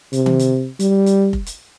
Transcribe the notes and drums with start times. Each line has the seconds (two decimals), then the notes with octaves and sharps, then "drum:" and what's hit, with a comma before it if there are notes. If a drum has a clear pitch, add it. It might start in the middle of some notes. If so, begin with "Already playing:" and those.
0.13 C3, drum: hi-hat
0.26 drum: tom D#3
0.39 drum: hi-hat
0.80 G3, drum: hi-hat
1.06 drum: hi-hat
1.33 drum: kick F1
1.46 drum: hi-hat